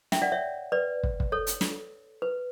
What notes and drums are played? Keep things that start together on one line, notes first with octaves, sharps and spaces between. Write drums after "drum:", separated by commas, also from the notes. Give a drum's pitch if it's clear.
E5 G5, drum: snare
D5 F#5
C#5 E5
B4 D5
drum: kick
drum: kick
A4 C#5
drum: hi-hat
drum: snare
B4